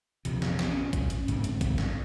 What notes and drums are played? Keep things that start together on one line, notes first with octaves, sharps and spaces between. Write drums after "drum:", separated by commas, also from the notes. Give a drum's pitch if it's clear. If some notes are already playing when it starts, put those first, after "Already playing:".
A#1 F2 C3, drum: hi-hat
drum: snare
drum: snare
C#4
drum: kick, hi-hat
drum: hi-hat
G#2 D3 C4, drum: hi-hat
drum: hi-hat
drum: kick, hi-hat
drum: snare